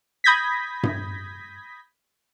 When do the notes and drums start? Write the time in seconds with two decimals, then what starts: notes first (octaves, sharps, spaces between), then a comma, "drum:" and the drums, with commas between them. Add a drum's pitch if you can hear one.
0.24 B5 D#6 G6 G#6 A#6 B6
0.83 drum: tom G2